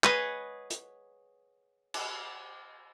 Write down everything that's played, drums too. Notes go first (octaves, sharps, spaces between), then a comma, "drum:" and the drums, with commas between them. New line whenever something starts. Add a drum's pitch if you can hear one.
G#4 B4 C#5 D#5 F#5, drum: clap
drum: hi-hat
drum: cymbal